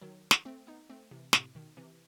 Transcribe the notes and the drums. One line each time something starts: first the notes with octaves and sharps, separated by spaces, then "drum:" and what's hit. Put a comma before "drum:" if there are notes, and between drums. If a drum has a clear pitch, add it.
D#3 F#3
drum: snare
A3 C4
B3 D#4
A3 C4
C3 E3
A2 C3, drum: snare
B2 D#3
C3 E3